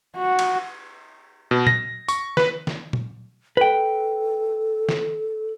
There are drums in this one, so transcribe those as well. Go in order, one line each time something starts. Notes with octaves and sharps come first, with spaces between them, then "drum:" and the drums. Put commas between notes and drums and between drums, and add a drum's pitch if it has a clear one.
F#4
drum: cymbal
B2
A#6, drum: tom A#2
C#6, drum: tambourine
B4, drum: snare
drum: snare
drum: tom A#2
A4 B4 G5
drum: snare